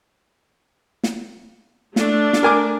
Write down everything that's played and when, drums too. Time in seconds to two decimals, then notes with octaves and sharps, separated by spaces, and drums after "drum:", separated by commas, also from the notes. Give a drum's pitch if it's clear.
1.04 drum: snare
1.96 A3 D4, drum: snare
2.33 drum: snare
2.43 A#4 G#5 D6